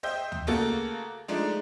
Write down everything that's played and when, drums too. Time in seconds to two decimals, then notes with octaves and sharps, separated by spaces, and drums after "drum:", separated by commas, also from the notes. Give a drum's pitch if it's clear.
0.03 C5 D#5 E5 G5 G6
0.32 drum: tom D2
0.47 C#3 A3 A#3 F#4 A4
1.28 F3 G#3 A3 D4 D#4